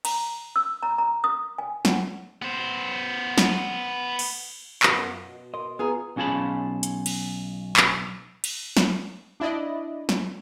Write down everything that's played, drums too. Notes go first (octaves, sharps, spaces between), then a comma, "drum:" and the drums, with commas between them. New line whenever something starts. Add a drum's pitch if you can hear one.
A#5, drum: cymbal
E6
A#5
A#5
D#6
G#5
F#5, drum: snare
B3 C5
drum: snare
drum: cymbal
F#2 B3 F4, drum: clap
B2
A#4 D#5 C6
B3 F4 G#4 B4 A#5
B1 C#4 F4 G#4 A5 B5
drum: hi-hat
drum: cymbal
drum: clap
drum: cymbal
drum: snare
D4 E4 D5 D#5
drum: snare